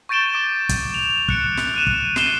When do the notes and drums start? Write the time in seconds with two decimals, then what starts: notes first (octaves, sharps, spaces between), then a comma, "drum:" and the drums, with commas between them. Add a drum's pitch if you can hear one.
0.09 C#6 G6 A6 D7 E7 G7
0.34 D6 A6
0.69 drum: kick, hi-hat
0.94 F7
1.28 F#6 C#7 D7, drum: kick
1.57 drum: snare
1.74 F#6 D#7 E7
1.87 drum: kick
2.16 C7 D#7 E7 G7, drum: snare